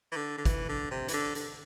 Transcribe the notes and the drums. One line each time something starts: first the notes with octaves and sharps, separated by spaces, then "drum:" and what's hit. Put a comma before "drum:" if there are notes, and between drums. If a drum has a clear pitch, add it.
E3
D3
D3
E3, drum: kick, hi-hat
D3
C3
E3, drum: hi-hat
D3
D3, drum: hi-hat